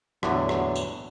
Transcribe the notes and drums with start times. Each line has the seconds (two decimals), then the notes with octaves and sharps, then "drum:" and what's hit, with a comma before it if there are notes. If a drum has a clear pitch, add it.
0.23 E2 A2 D3 F#3, drum: rim click
0.49 drum: rim click
0.76 drum: tambourine